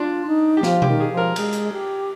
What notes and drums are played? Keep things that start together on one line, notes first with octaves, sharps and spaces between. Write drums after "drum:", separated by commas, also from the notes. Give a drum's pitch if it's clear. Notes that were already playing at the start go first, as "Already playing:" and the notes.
Already playing: D4 F4
D#4
G4
F3 F4, drum: snare
G4, drum: tom B2
D#3
G#4
F3
A#4
G#3, drum: cymbal
drum: hi-hat
G4